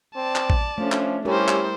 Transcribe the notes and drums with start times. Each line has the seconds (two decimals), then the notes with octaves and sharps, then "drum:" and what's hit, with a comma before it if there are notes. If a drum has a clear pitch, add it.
0.15 C4 D5 A5
0.36 drum: clap
0.50 drum: kick A1
0.78 F3 A3 C#4 D4
0.92 drum: clap
1.25 G3 C#4 E4 G4 A#4 C5
1.48 drum: clap